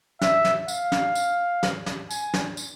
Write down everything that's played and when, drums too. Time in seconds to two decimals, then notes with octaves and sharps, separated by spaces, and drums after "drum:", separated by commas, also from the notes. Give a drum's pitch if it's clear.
0.21 E5, drum: snare
0.45 drum: snare
0.68 F5, drum: tambourine
0.92 drum: snare
1.15 drum: tambourine
1.63 drum: snare
1.86 drum: snare
2.11 G#5, drum: tambourine
2.34 drum: snare
2.57 drum: tambourine